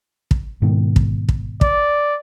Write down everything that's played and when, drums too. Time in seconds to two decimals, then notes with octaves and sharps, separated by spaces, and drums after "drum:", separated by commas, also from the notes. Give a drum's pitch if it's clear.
0.31 drum: kick
0.62 G#2 B2 D#3
0.96 drum: kick
1.29 drum: kick
1.61 D5, drum: kick